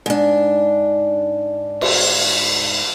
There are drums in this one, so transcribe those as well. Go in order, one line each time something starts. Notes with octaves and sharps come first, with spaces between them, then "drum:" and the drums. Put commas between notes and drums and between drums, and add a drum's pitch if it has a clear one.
G#2 D4
drum: cymbal